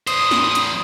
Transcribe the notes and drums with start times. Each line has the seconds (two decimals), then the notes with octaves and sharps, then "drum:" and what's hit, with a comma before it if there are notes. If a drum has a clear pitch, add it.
0.07 E2 C5 D#6, drum: hi-hat
0.31 drum: snare
0.55 drum: hi-hat